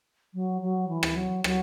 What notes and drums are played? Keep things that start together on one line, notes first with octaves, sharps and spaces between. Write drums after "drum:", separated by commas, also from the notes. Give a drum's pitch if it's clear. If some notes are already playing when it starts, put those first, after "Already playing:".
F#3
F#3
E3
drum: rim click
F#3
F#3, drum: rim click